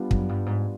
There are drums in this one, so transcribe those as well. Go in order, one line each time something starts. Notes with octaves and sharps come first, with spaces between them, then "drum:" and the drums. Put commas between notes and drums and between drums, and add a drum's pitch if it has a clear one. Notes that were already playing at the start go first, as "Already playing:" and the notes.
Already playing: G3 B3 D4 F4
F#2, drum: kick
G2
G#2